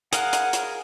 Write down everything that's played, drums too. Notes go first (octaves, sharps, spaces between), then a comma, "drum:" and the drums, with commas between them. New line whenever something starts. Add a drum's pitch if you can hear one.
G#4 A#4 F5 F#5, drum: hi-hat
drum: hi-hat
drum: hi-hat